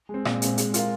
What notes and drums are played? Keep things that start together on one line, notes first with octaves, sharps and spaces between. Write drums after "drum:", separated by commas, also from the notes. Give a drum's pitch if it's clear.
G#3
C4
A#2, drum: rim click
G#3 C4, drum: hi-hat
G#3, drum: hi-hat
F4 A#4 F5, drum: hi-hat